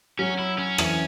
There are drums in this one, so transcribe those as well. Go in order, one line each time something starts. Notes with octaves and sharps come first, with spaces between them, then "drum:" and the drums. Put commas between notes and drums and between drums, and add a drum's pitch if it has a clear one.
F#3 C#4
E4
C#4
E3, drum: rim click